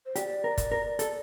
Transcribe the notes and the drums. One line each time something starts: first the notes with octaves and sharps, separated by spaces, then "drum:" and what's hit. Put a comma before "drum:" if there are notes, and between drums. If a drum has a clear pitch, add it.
C5
G4 D5, drum: hi-hat
A#4
drum: kick, hi-hat
A#4
A4, drum: hi-hat